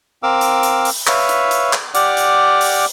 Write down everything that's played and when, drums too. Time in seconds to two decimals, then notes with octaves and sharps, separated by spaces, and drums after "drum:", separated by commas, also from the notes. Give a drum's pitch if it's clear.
0.23 C4 A#4 F5 D6 E6
0.41 drum: hi-hat
0.63 drum: hi-hat
0.85 drum: open hi-hat
1.07 B4 C#5 E5 F5, drum: clap
1.29 drum: hi-hat
1.51 drum: hi-hat
1.73 drum: clap
1.95 G4 D5 F#5 D6 F6, drum: hi-hat
2.17 drum: hi-hat
2.61 drum: open hi-hat